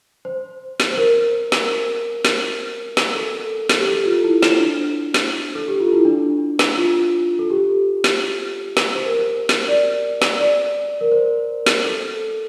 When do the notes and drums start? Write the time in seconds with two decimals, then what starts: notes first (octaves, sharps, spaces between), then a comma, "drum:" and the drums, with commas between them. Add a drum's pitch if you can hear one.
0.25 C5
0.80 drum: snare
0.91 C5
0.97 A#4
1.52 drum: snare
2.25 drum: snare
2.97 drum: snare
3.15 A4
3.69 drum: snare
3.79 G4
3.88 A4
4.05 F4
4.24 E4
4.43 E4, drum: snare
4.59 D4
5.14 drum: snare
5.55 A4
5.68 G4
5.80 F4
5.93 E4
6.05 D4
6.59 drum: snare
6.77 F4
7.39 A4
7.50 G4
8.04 drum: snare
8.77 drum: snare
8.95 C5
9.05 A#4
9.15 C5
9.49 drum: snare
9.68 D5
10.22 drum: snare
10.39 D5
11.01 A#4
11.12 C5
11.66 drum: snare
11.85 A4